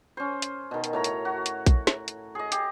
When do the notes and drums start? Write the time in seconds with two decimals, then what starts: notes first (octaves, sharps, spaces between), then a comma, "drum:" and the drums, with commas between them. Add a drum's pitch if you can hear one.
0.17 C#4 C5
0.42 drum: hi-hat
0.71 B2 D#3
0.84 drum: hi-hat
0.93 A2 C#5 A#5
1.04 drum: hi-hat
1.25 F#4
1.46 drum: hi-hat
1.66 drum: kick A#1, hi-hat
1.87 drum: snare
2.08 drum: hi-hat
2.35 G#4 D#5
2.52 G4, drum: hi-hat